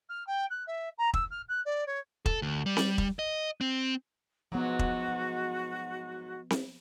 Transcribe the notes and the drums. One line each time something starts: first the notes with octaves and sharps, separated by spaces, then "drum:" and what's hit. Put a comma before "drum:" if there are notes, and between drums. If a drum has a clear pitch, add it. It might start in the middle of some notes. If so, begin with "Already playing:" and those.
F6
G5
F#6
E5
A#5
E6, drum: kick
F6
F#6
D5
C#5
A4, drum: kick
D2
G3
drum: snare C4
drum: kick
D#5
C4
G#2 F3 F#3 B3 F#4
drum: kick
drum: snare C4